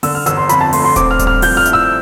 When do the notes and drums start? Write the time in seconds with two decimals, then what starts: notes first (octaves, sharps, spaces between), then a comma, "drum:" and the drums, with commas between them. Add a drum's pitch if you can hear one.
0.03 D3 E6, drum: open hi-hat
0.15 F6
0.26 G1 E6, drum: hi-hat
0.37 C6
0.49 F2 B5, drum: hi-hat
0.61 A5
0.73 A3 C6, drum: open hi-hat
0.85 C6
0.96 C4 D6, drum: kick D#1, hi-hat
1.11 F6
1.19 G2, drum: kick D#1, hi-hat
1.27 F6
1.42 F3 G6, drum: open hi-hat
1.57 F6
1.66 E4, drum: hi-hat
1.73 E6